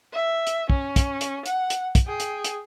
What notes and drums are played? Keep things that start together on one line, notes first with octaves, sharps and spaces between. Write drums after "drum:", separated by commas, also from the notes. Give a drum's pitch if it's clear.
E5
drum: hi-hat
C#4, drum: kick
drum: kick, hi-hat
drum: hi-hat
F#5, drum: hi-hat
drum: hi-hat
drum: kick, hi-hat
G#4 G5
drum: hi-hat
drum: hi-hat